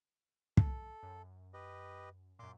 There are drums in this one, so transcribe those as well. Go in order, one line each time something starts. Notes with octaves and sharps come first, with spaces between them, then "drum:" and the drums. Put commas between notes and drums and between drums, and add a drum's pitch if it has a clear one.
A4, drum: kick
F#2
G4 B4 D#5
F#2 A#2 C6 D6